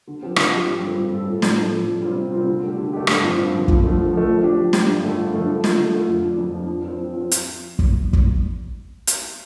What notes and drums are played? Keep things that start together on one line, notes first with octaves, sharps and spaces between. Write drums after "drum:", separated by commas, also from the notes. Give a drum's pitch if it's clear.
D3
F3 C4 G4
D3, drum: rim click
F3 C4 G4
G2
G3 C4 F4 A4
G2
G3 C4 F4 A4
A2
F3 D4 A4, drum: snare
A2
F3 D4 A4
C3
G3 C4 F4
C3
G3 C4 F4
D3
A3 D4 G4
D3
A3 D4 G4
G2, drum: rim click
D3 F3 C4 F4
G2
D3 F3 C4 F4
D3, drum: kick
F3 A3
D3
F3 A3
F3
D4 G4
F3
D4 G4, drum: snare
G2
D3 F3 A3
G2
D3 F3 A3
D3
A3 F4, drum: snare
D3
A3 F4
F2
F3 D4
F2
F3 D4
F3
C4 F4
F3
C4 F4
drum: hi-hat
drum: kick
drum: kick
drum: hi-hat